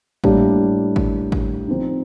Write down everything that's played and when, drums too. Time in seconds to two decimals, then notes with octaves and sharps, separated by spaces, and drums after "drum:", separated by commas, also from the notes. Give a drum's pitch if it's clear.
0.24 A2 G3 A#3 D4 G4, drum: kick G#1
0.96 drum: kick G#1
1.32 drum: kick G#1
1.68 F3 C4 D#4